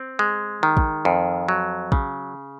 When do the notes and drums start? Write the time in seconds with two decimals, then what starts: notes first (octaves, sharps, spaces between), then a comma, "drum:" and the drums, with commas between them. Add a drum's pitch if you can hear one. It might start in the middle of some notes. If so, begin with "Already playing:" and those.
Already playing: C4
0.19 G#3
0.63 D#3
0.77 drum: kick
1.05 F2
1.48 F#3
1.92 C#3, drum: kick